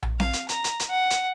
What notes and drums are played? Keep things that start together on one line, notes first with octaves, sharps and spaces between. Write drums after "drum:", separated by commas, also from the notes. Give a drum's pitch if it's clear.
drum: tom A#1
F5, drum: snare C4
drum: hi-hat
A#5, drum: hi-hat
drum: hi-hat
drum: hi-hat
F#5
drum: hi-hat